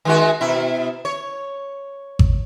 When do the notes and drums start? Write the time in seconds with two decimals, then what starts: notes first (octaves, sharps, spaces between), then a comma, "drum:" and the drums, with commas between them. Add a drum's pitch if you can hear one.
0.05 D#3 G#3 F#4
0.41 B2 E4
1.05 C#5
2.19 drum: kick G#1